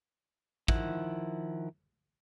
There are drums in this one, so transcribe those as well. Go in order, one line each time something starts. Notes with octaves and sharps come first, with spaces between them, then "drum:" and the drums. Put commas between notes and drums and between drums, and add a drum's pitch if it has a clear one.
D#3 F3 E4 F#5, drum: kick